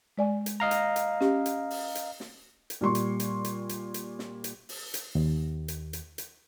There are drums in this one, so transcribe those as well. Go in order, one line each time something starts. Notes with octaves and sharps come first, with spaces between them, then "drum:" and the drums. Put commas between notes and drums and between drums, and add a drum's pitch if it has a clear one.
G#3 D5 G#5
drum: hi-hat
D#5 F5 A#5
drum: hi-hat
drum: hi-hat
C#4 G4, drum: snare
drum: hi-hat
drum: open hi-hat
drum: hi-hat
drum: snare
drum: hi-hat
A#2 G3 C6 C#6
drum: hi-hat
drum: hi-hat
drum: hi-hat
drum: hi-hat
drum: hi-hat
drum: snare
drum: hi-hat
drum: open hi-hat
drum: hi-hat
D#2
drum: hi-hat
drum: hi-hat
drum: hi-hat